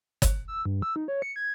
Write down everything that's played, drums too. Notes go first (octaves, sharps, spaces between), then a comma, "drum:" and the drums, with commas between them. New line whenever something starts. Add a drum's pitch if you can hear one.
drum: kick, hi-hat
E6
G2
E6
D#4
C#5
C#7
G#6